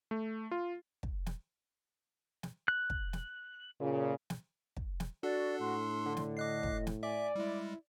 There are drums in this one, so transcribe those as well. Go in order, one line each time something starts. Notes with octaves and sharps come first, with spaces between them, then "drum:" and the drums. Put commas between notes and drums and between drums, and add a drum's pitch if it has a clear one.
A3
F4
drum: kick
drum: snare
drum: snare
F#6
drum: kick
drum: snare
A#2 C#3
drum: snare
drum: kick
drum: snare
D4 F#4 A4 D5
A2 C6
D3
drum: snare
D#5 D6 F#6 C7
drum: kick
drum: snare
D5 E5 G#5
G3 G#3 E4